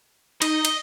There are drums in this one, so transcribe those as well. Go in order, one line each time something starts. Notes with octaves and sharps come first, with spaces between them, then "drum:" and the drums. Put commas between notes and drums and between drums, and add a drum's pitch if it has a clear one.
D#4 D#5, drum: cymbal
drum: cymbal